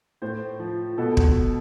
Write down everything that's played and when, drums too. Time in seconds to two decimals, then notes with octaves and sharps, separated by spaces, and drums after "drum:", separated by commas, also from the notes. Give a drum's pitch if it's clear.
0.22 A2 C5
0.59 F3
0.98 B2 A4
1.17 drum: kick